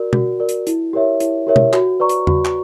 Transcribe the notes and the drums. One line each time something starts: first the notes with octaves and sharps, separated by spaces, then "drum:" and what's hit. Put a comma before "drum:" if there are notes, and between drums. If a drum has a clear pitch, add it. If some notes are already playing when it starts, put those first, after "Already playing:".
Already playing: F#4 A#4 D5
F#4, drum: tom B2
A#4 D5
drum: hi-hat
E4, drum: hi-hat
G4 A#4 C#5 E5
E4, drum: hi-hat
G4 A#4 C#5 E5
drum: tom B2
F#4, drum: clap
B4 D5 A#5 C#6
drum: hi-hat
F#4, drum: tom E2
drum: clap